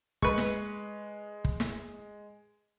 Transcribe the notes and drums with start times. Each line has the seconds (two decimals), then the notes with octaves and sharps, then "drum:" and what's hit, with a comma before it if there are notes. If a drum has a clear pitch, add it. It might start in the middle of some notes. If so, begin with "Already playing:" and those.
0.22 G#3 B4 C#6, drum: kick
0.38 drum: snare
1.45 drum: kick
1.60 drum: snare